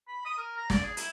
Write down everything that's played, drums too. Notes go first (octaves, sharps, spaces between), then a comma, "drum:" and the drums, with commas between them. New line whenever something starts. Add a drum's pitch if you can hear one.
B5
D#6
A#4
A#5
D5, drum: snare
G#4
E4, drum: hi-hat